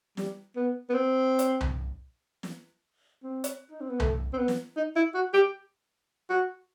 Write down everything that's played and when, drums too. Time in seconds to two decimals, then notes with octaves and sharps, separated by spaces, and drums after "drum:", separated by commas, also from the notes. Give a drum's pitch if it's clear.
0.17 G3, drum: snare
0.56 B3
0.89 B3
0.94 C4
1.39 drum: hi-hat
1.61 drum: tom C2
2.43 drum: snare
3.23 C4
3.44 drum: hi-hat
3.70 D#4
3.80 C4
3.89 B3
4.00 A3, drum: tom C2
4.33 C4
4.38 B3
4.48 drum: snare
4.76 D#4
4.96 E4
5.14 F#4
5.34 G4
6.29 F#4